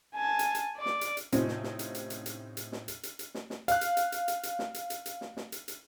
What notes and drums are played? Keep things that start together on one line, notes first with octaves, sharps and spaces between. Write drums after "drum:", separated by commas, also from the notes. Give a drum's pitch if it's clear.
G#5 A5
drum: hi-hat
drum: hi-hat
D5 D6
drum: snare
drum: hi-hat
drum: hi-hat
A2 C3 F3 C4 C#4 D#4, drum: hi-hat
drum: snare
drum: snare
drum: hi-hat
drum: hi-hat
drum: hi-hat
drum: hi-hat
drum: hi-hat
drum: snare
drum: hi-hat
drum: hi-hat
drum: hi-hat
drum: snare
drum: snare
F5 F#6, drum: hi-hat
drum: hi-hat
drum: hi-hat
drum: hi-hat
drum: hi-hat
drum: hi-hat
drum: snare
drum: hi-hat
drum: hi-hat
drum: hi-hat
drum: snare
drum: snare
drum: hi-hat
drum: hi-hat